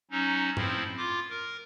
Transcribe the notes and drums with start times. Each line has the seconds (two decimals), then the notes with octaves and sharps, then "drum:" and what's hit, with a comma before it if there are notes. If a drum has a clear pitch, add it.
0.11 F#3 C#4 D#4
0.57 F3 C4 E4, drum: tom G#2
0.97 F4 D6
1.30 A#4